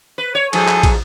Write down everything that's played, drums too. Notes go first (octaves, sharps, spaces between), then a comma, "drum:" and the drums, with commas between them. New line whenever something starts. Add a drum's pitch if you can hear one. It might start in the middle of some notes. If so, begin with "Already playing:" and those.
B4
C#5
G#2 F3 G#4 A4, drum: cymbal
drum: clap
drum: kick, cymbal